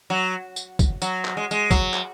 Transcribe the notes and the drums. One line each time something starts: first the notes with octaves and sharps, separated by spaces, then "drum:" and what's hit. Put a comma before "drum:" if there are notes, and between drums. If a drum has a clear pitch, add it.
F#3
drum: tambourine
drum: kick, tambourine
F#3, drum: tambourine
drum: clap
G#3
G#3, drum: tambourine
F#3, drum: kick, tambourine
drum: clap